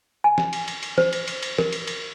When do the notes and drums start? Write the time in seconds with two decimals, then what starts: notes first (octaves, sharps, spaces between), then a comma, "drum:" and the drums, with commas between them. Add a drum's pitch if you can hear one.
0.24 G#5
0.38 drum: snare
0.53 drum: cymbal
0.68 drum: cymbal
0.83 drum: cymbal
0.98 C5, drum: snare
1.13 drum: cymbal
1.28 drum: cymbal
1.43 drum: cymbal
1.58 A#4, drum: snare
1.72 drum: cymbal
1.87 drum: cymbal